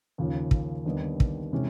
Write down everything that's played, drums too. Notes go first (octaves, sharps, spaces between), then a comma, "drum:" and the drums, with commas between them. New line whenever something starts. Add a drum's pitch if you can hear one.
D#2 C#3 F3
drum: kick
D#2 D3 G3 B3 D#4
drum: kick
C3 E3 G#3 C#4